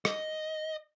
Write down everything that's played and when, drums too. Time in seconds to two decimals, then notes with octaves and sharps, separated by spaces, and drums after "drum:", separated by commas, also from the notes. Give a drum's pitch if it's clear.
0.05 D#5, drum: rim click